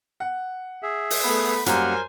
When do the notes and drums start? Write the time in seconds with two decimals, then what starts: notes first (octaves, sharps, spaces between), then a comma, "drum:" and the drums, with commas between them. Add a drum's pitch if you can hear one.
0.20 F#5
0.82 G#4 E5
1.10 drum: open hi-hat
1.24 A3 B3 B5
1.66 F#2 G3 A#3 A#4 C5 F#5 G#5, drum: hi-hat